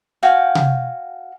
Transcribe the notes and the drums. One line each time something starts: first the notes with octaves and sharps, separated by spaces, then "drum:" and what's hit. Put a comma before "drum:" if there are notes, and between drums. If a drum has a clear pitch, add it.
F#4 F5 G5 G#5
drum: tom C3